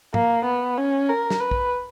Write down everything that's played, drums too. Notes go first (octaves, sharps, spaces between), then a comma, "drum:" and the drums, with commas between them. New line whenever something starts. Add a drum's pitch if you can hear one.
A#3, drum: tom
B3
C#4
A#4
drum: snare
B4
drum: kick